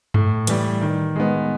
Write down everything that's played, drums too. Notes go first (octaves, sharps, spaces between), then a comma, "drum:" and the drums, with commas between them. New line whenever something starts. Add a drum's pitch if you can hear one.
A2, drum: tom G2
E3 G3, drum: hi-hat
D#3
G#3 B3